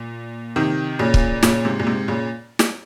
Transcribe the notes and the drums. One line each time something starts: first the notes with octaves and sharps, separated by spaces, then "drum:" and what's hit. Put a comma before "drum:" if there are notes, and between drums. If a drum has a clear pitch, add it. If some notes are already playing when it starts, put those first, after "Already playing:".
Already playing: A#2
C3 D#3
A#2 C#3
drum: kick
A#2 C#3, drum: snare
G#2 C3
A#2
G#2 C3
A#2 C#3
drum: snare